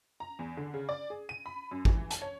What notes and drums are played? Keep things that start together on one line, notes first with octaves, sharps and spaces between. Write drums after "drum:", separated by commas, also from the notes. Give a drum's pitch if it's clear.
A#5
E2
D3
C#3
D5
G#4
D#7
B5
F#2
E3, drum: kick
A5, drum: hi-hat
C#5